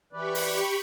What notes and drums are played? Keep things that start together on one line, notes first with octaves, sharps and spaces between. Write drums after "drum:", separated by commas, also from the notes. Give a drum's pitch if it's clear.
E3 G4 B4 D5 B5 C#6
drum: open hi-hat